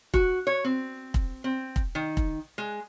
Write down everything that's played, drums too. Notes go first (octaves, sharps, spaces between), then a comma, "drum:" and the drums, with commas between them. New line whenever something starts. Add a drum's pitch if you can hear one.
F#4, drum: kick
C#5
C4
drum: kick
C4
drum: kick
D#3
drum: kick
G#3